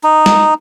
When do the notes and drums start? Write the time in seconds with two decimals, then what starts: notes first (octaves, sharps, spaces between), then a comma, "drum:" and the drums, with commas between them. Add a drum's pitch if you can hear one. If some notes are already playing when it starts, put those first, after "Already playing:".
0.03 D#4
0.26 drum: snare G#3